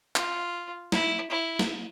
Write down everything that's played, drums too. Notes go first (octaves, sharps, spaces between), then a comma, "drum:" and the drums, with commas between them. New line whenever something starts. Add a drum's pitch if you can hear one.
F4, drum: clap
E4, drum: snare
E4
drum: snare